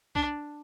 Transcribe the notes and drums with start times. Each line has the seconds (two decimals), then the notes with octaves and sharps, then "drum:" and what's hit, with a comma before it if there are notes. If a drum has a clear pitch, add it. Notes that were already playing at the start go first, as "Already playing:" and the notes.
0.15 D4, drum: kick C2